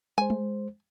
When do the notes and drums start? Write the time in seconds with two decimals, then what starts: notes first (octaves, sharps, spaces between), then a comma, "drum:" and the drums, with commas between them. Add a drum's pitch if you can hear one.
0.18 G#3 C5 G#5
0.30 drum: tom G#3